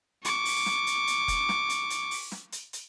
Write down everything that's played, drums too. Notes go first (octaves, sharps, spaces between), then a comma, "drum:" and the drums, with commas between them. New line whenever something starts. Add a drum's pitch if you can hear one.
C#6 D6, drum: hi-hat
drum: open hi-hat
drum: snare
drum: hi-hat
drum: hi-hat
drum: kick F1, hi-hat
drum: snare
drum: hi-hat
drum: hi-hat
drum: open hi-hat
drum: snare
drum: hi-hat
drum: hi-hat